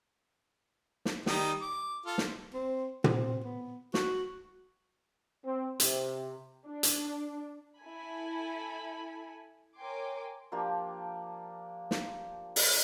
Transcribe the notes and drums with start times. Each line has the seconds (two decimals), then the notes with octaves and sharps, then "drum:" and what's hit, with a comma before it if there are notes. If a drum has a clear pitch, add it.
1.05 drum: snare
1.26 D#3 G3 D#4, drum: snare
1.62 D6
2.06 F4 A4
2.18 drum: snare
2.54 C4
3.04 C4, drum: tom
3.44 B3
3.94 F#4, drum: snare
5.45 C4
5.80 C3, drum: hi-hat
6.67 D4
6.83 drum: hi-hat
7.80 E4 A4 G#5 B5
9.79 A#4 C#5 G5 G#5 C6 D6
10.52 F3 A#3 D4 G4
11.91 drum: snare
12.56 drum: open hi-hat